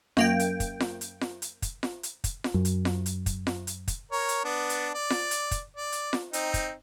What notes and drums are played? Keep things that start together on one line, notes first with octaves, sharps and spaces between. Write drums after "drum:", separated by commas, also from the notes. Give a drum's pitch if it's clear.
F#2 A#3 G5, drum: snare F4
drum: hi-hat
drum: kick, hi-hat
drum: snare F4
drum: hi-hat
drum: snare F4
drum: hi-hat
drum: kick, hi-hat
drum: snare F4
drum: hi-hat
drum: kick, hi-hat
drum: snare F4
F#2
drum: hi-hat
drum: snare F4
drum: hi-hat
drum: kick, hi-hat
drum: snare F4
drum: hi-hat
drum: kick, hi-hat
A#4 C#5
drum: hi-hat
B3 D4
drum: hi-hat
D5
drum: snare F4
drum: hi-hat
drum: kick, hi-hat
D5
drum: hi-hat
drum: snare F4
C4 D#4, drum: hi-hat
drum: kick, hi-hat